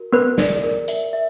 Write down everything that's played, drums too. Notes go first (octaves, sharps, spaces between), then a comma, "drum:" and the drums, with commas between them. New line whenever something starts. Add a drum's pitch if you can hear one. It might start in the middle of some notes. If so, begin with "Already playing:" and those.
Already playing: F#4 A#4
B3 A#4 B4
D5, drum: snare
A#4
E5, drum: hi-hat
E5